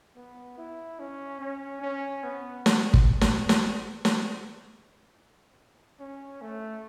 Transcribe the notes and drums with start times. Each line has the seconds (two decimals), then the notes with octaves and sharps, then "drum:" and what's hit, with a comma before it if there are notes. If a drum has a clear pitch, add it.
0.16 B3
0.57 E4
0.99 C#4
1.40 C#4
1.82 C#4
2.23 B3
2.66 drum: snare
2.94 drum: kick
3.21 drum: snare
3.49 drum: snare
4.05 drum: snare
6.00 C#4
6.41 A3